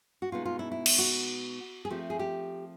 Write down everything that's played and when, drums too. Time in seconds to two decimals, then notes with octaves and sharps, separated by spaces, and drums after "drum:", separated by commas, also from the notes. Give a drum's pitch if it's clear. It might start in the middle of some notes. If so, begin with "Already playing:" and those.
0.22 F#4
0.32 B2 G#3 B3 D#4 F4
0.45 F4
0.59 E4
0.72 E4
0.86 drum: cymbal
0.98 F#4
1.85 G#4
1.90 F3 A3 C4 G4
2.10 G#4
2.19 G4